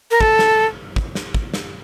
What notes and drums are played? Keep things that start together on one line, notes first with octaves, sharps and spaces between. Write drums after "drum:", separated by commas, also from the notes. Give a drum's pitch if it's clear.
A#4
A4, drum: kick
drum: snare
drum: kick
drum: snare
drum: kick
drum: snare